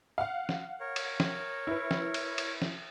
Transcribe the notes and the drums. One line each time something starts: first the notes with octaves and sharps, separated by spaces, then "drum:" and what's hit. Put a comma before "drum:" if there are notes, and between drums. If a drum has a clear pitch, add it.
F5 F#5
drum: snare
A#4 C#5
drum: cymbal
drum: snare
E4 B4
drum: snare
drum: cymbal
drum: cymbal
drum: snare